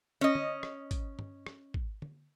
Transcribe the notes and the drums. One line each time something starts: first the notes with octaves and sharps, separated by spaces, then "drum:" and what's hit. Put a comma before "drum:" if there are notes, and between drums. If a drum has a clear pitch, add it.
C#4 D#5
drum: tom
drum: rim click
drum: kick, hi-hat
drum: tom
drum: rim click
drum: kick
drum: tom